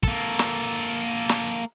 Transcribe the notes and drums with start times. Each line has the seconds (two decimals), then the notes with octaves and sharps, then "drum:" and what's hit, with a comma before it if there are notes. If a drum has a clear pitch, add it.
0.03 A#3 A4, drum: kick, hi-hat
0.39 drum: snare
0.75 drum: hi-hat
1.11 drum: hi-hat
1.29 drum: snare
1.47 drum: hi-hat